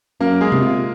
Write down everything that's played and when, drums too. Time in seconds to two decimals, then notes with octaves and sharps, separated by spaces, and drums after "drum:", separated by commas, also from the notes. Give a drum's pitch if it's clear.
0.20 F#2 A#3 A#4
0.41 G#3 G#4
0.52 C3, drum: tom C3
0.62 F4